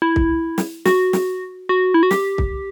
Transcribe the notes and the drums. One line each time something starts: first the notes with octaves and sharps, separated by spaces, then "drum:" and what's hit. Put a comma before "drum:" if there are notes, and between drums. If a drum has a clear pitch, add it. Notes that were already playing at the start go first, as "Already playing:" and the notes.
E4
drum: kick
drum: snare
F#4, drum: snare
drum: snare
F#4
E4
F#4
G4, drum: snare
drum: kick